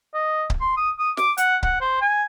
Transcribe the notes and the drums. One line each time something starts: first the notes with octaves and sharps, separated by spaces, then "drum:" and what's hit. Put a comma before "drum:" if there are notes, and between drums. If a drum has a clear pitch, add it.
D#5
drum: kick C#1
C6
D#6
D#6
D6, drum: snare
F#5, drum: hi-hat
F#5, drum: kick C#1
C5
G#5